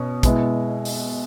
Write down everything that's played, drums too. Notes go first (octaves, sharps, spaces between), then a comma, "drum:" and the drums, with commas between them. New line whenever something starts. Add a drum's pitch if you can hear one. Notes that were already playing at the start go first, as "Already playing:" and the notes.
Already playing: B2 C#4
B2 G#3 B3 E4, drum: kick, hi-hat
drum: open hi-hat